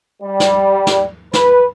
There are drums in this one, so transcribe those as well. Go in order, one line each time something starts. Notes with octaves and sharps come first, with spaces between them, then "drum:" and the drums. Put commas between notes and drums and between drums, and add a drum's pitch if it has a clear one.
G3
drum: snare
drum: snare
B4, drum: snare